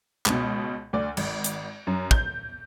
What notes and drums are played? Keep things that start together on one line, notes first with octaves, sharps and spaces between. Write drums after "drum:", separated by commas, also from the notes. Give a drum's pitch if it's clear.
C#2 B2, drum: clap
D2 D5
G#1, drum: cymbal
drum: hi-hat
F#2
G6, drum: kick